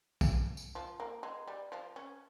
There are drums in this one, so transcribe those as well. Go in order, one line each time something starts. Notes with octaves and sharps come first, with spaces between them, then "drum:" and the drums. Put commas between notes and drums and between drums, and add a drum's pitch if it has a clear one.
drum: kick, tambourine
drum: tambourine
F3
A#3
G#3
G3
F3
C#4